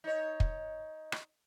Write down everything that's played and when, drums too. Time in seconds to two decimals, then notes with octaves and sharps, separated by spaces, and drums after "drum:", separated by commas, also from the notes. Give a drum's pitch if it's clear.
0.04 D#4 C#5
0.40 drum: kick
1.12 drum: rim click